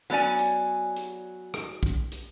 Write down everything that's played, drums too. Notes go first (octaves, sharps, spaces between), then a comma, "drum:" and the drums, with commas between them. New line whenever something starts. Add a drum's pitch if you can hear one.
F#3 B3 C#4 D5 G#5
drum: hi-hat
drum: hi-hat
drum: rim click
drum: kick
drum: hi-hat